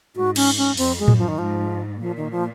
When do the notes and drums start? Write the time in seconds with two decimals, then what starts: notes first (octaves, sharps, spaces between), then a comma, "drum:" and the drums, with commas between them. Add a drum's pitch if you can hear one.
0.15 G#2 F#4
0.36 C#4, drum: cymbal
0.58 C#4
0.77 F2 C4, drum: open hi-hat
0.99 G#3
1.08 F#2, drum: tom A2
1.19 F3
1.28 D#3
1.38 G#2 F3
2.01 A#2 F3
2.17 D#3
2.32 F3